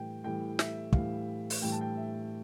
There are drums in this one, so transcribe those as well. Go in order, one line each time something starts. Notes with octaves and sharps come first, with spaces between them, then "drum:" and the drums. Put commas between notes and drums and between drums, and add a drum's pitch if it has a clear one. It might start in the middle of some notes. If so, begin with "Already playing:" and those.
Already playing: A2 E3 G3 G5
A2 E3 G3 G5
E5, drum: snare
A2 E3 G3 F5, drum: kick
drum: open hi-hat
A2 E3 G3 G5
A5
G5
E5